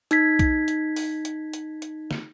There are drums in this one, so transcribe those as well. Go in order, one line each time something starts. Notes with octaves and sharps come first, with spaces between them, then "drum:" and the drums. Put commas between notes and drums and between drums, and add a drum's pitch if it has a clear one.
D#4 G#6 B6, drum: hi-hat
drum: kick B1, hi-hat
drum: hi-hat
drum: open hi-hat
drum: hi-hat
drum: hi-hat
drum: hi-hat
drum: snare